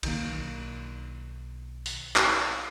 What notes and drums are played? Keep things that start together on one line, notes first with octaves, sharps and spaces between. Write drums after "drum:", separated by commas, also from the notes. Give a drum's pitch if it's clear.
B1 D#3 A#3, drum: cymbal
drum: open hi-hat
drum: clap